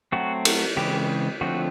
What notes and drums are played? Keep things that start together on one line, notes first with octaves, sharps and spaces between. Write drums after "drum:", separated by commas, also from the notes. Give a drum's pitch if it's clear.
F#3 A3 C4 F#4
drum: cymbal
C#3 E3 G#3 C4 G4
D3 F3 A3 C4 F#4